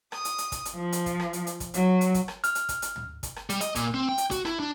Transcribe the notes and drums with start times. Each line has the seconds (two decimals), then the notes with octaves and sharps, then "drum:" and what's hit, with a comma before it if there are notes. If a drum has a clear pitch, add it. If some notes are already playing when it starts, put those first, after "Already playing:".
0.12 D#6, drum: rim click
0.25 drum: hi-hat
0.38 drum: hi-hat
0.52 drum: kick, hi-hat
0.65 drum: hi-hat
0.75 F3
0.92 drum: hi-hat
1.06 drum: kick, hi-hat
1.20 drum: rim click
1.33 drum: hi-hat
1.47 drum: hi-hat
1.60 drum: kick, hi-hat
1.74 F#3, drum: hi-hat
2.01 drum: hi-hat
2.14 drum: kick, hi-hat
2.28 drum: rim click
2.44 F6, drum: hi-hat
2.55 drum: hi-hat
2.69 drum: kick, hi-hat
2.82 drum: hi-hat
2.96 drum: tom
3.23 drum: kick, hi-hat
3.36 drum: rim click
3.50 G3, drum: hi-hat
3.61 D#5, drum: hi-hat
3.75 A#2, drum: kick, hi-hat
3.94 C4
4.09 G5
4.18 drum: hi-hat
4.31 F#4, drum: kick, hi-hat
4.45 E4, drum: rim click
4.60 D4